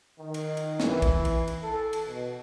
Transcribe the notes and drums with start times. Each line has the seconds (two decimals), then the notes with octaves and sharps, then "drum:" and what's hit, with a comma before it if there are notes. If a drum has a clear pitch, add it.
0.19 D#3
0.34 drum: cymbal
0.57 drum: cymbal
0.80 E3, drum: snare
1.02 drum: kick A#1, cymbal
1.25 drum: cymbal
1.48 drum: cymbal
1.63 A4
1.93 drum: cymbal
2.08 B2